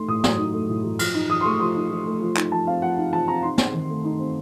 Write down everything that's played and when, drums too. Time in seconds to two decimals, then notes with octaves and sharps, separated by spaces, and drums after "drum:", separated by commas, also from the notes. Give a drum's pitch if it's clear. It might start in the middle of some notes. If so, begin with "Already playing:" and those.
Already playing: A3 D#4 C6
0.08 A2 D#6
0.24 F#3, drum: snare
0.38 D#4
0.54 A3
0.69 A2
0.84 F#3
0.99 F3 F6, drum: cymbal
1.14 D#4
1.30 F3 D#6
1.41 C6
1.45 A3 C#6
1.60 F3 C6
1.76 D#4
1.90 F3
2.06 A3
2.21 F3
2.37 D#4, drum: clap
2.51 F3 A5
2.67 C4 F5
2.82 F3 F#5
2.98 D#4
3.12 F3 A5
3.27 C4 A#5
3.43 D#4 C6
3.58 C4, drum: snare
3.74 D#3
3.89 A3
4.04 D#4
4.19 C4